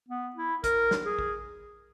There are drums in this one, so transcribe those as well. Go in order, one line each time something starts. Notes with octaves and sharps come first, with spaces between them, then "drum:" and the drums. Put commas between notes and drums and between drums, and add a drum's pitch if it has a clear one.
B3
E4
A#4, drum: kick A1, hi-hat
drum: snare
G#4
drum: kick A1